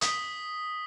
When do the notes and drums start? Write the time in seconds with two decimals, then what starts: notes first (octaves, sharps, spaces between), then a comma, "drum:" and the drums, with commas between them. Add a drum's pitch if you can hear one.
0.01 D#6 B6 G7, drum: hi-hat